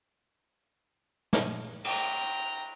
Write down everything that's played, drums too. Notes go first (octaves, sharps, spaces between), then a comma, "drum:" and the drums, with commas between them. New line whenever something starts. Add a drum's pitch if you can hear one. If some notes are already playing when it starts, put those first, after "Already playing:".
drum: snare
G5 A#5, drum: cymbal